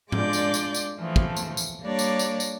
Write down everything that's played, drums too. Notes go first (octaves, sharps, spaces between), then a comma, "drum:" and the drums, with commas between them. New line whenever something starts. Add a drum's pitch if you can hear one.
G#3 D4 F4 D5 D6 G6, drum: tom G#2
drum: tambourine
drum: tambourine
drum: tambourine
E3 F3 A3
drum: kick
drum: tambourine
drum: tambourine
G3 A#3 D4 C#5 D5
drum: tambourine
drum: tambourine
drum: tambourine